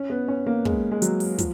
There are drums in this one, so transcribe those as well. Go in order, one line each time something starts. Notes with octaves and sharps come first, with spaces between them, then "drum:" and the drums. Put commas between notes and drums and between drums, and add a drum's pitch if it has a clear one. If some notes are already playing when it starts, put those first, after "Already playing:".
Already playing: C#4
B3
C#4
A#3
G#3, drum: kick
G#3
F#3, drum: hi-hat
drum: open hi-hat
F3, drum: kick, hi-hat